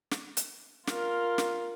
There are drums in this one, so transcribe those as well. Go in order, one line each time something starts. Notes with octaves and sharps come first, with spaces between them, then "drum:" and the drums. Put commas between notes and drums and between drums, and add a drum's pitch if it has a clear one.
drum: snare
drum: hi-hat
F4 A#4, drum: snare
drum: snare